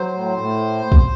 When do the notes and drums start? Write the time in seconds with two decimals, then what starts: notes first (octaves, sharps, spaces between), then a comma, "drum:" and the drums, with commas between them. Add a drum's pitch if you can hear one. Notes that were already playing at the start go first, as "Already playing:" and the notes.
Already playing: F#3 C5
0.14 A2
0.37 A2
0.92 drum: kick